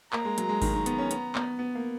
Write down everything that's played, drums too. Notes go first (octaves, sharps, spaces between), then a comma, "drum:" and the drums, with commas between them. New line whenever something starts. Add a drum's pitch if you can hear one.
A#3 A#5, drum: clap
G#3
F#3, drum: hi-hat
G#3
D#3, drum: kick G#1, open hi-hat
D#3
B3, drum: hi-hat
C#4
B3, drum: hi-hat
B3, drum: clap
B3
A#3